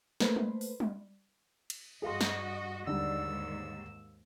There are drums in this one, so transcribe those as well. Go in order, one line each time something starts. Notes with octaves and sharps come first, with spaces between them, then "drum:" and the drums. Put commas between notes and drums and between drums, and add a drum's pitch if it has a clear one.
A3 A#3 B4 C5, drum: snare
drum: tom G3
drum: open hi-hat
drum: tom G3
drum: cymbal
G2 F#4 G#4 D#5 F5 C6
drum: snare
D#2 G#2 D3 G3 D#4 E6